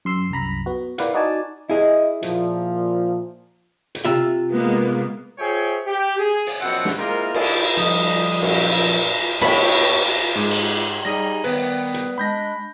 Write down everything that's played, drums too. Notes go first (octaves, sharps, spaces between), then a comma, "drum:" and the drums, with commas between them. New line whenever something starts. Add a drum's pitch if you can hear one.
F#2 C6 E6
C2 F#2 A#5 B5
B3 F#4
E4 A#4 B4 D5 F5 F#5, drum: hi-hat
D#4 F#4 D5 G#5 A5
E4 G#4 D#5
A#2 F3, drum: hi-hat
drum: hi-hat
C3 F4 E5
G#3 A#3 B3
F4 G#4 C5 C#5 E5 G5
G4
G#4
drum: open hi-hat
F#2 B2 F3 C4 F#5
drum: snare
G#3 A#3 E4 F4 A#4 C5
A#3 E4 F4 G#4 A4 D5, drum: cymbal
D3 F3 G3 D#4 D#5, drum: hi-hat
F#2 A#2, drum: cymbal
B3 G4 B4 C#5 A5 B5, drum: cymbal
drum: open hi-hat
G#2 G#3
drum: cymbal
G3 D#4 G#4 D#6 A#6
D#3 G3 B3 B4, drum: open hi-hat
drum: hi-hat
G#3 D4 B5 G6 A#6